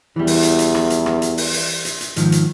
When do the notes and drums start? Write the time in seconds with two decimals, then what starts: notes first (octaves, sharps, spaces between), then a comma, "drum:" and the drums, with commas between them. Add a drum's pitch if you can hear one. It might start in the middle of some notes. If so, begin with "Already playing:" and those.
0.16 E2 E3 G3
0.27 drum: open hi-hat
0.43 drum: hi-hat
0.59 drum: hi-hat
0.74 drum: rim click
0.90 drum: hi-hat
1.06 drum: rim click
1.22 drum: hi-hat
1.38 drum: open hi-hat
1.53 drum: open hi-hat
1.85 drum: hi-hat
2.01 drum: hi-hat
2.16 G#2 D#3 F3, drum: hi-hat
2.32 drum: hi-hat